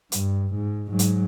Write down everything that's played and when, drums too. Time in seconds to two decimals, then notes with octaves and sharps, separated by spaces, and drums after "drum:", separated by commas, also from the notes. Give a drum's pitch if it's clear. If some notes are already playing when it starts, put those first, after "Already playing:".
0.12 G2, drum: hi-hat
0.55 G#2
0.89 G#2 F#3
0.99 drum: hi-hat